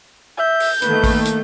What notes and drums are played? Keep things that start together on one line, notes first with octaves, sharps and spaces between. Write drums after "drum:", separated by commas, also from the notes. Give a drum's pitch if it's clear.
E5 G6
drum: open hi-hat
D#3 A3 A#3 B4, drum: hi-hat
drum: kick A1, open hi-hat
drum: hi-hat